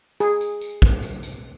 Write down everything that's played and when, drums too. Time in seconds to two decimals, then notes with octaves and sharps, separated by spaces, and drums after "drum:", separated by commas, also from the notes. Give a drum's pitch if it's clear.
0.20 G#4, drum: tambourine
0.41 drum: tambourine
0.61 drum: tambourine
0.82 drum: kick, tambourine
1.03 drum: tambourine
1.23 drum: tambourine